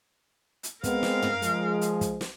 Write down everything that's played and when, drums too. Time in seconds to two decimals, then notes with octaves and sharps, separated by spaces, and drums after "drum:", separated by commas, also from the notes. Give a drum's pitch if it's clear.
0.63 drum: hi-hat
0.84 G#3 B3 C4 A#4 F5, drum: kick, hi-hat
1.03 drum: snare
1.22 drum: tom
1.42 F3 G#3, drum: hi-hat
1.81 drum: hi-hat
2.01 drum: kick, hi-hat
2.21 drum: snare